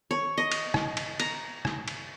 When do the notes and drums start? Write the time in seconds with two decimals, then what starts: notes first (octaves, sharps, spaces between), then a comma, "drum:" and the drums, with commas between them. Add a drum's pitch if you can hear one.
0.11 C#5
0.38 D#5
0.52 drum: cymbal
0.74 drum: rim click
0.97 drum: cymbal
1.20 A#5, drum: cymbal
1.65 drum: rim click
1.88 drum: cymbal